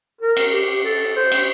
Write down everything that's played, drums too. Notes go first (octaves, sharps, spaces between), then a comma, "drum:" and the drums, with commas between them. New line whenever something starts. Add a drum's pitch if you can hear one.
A#4
drum: cymbal
G4
A4
C5
drum: cymbal